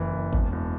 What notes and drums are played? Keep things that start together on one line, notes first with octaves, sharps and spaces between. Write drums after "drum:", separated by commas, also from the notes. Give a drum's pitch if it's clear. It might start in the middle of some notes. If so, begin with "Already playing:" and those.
Already playing: F#1 E3
F#1
E1, drum: kick G#1
E1